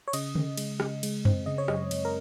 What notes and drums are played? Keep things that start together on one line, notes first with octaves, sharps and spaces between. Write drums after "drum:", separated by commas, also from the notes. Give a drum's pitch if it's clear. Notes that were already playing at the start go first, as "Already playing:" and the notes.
C#5
C#3 D#5, drum: cymbal
C#3, drum: tom D3
G#3, drum: cymbal
C#3, drum: rim click
G#3, drum: cymbal
C4, drum: tom F#2
C#3 D#5
C#5
F#2 D#5, drum: rim click
F#2, drum: cymbal
A#4